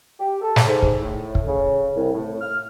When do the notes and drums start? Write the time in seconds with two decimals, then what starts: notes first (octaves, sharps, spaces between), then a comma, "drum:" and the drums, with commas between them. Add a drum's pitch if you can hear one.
0.20 G4
0.42 A4
0.56 drum: snare
0.68 G#2
0.82 drum: kick
1.02 A2
1.35 drum: kick
1.47 C#3
1.97 C2
2.14 A2
2.41 F6